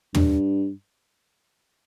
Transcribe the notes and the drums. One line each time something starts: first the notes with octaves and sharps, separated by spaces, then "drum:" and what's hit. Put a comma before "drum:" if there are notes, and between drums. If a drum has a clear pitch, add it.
G2, drum: tom